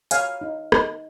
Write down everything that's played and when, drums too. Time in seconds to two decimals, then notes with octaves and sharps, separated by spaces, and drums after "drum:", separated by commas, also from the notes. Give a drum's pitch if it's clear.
0.11 C#5 F5 G#5, drum: hi-hat
0.41 D#4
0.72 D#4, drum: rim click